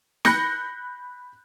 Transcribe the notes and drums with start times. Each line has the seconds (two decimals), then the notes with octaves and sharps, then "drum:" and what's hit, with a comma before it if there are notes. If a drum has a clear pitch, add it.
0.25 B5 F#6 G6 A#6 C#7, drum: snare